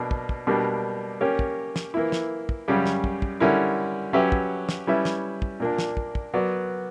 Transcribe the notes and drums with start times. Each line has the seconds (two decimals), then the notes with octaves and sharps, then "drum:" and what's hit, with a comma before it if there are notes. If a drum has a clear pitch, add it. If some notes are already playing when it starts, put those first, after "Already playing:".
Already playing: B2 A#3 D4 A#4
0.11 drum: kick
0.29 drum: kick
0.47 B2 G3 A#3 D4 G4
1.21 A#3 C#4 G4 A#4 C#5
1.39 drum: kick
1.76 drum: snare
1.94 E3 A#3 E4
2.12 drum: snare
2.49 drum: kick
2.68 F#2 C#3 G3 C#4 G4
2.86 drum: snare
3.04 drum: kick
3.22 drum: kick
3.40 D3 G3 C#4 E4 A#4
4.13 F#3 C#4 G4 B4 E5
4.32 drum: kick
4.69 drum: snare
4.87 G3 C#4 E4 B4 E5
5.05 drum: snare
5.42 drum: kick
5.60 A#2 A#3 D4
5.79 drum: snare
5.97 drum: kick
6.15 drum: kick
6.34 F#3 B3 F#4 A#4 D5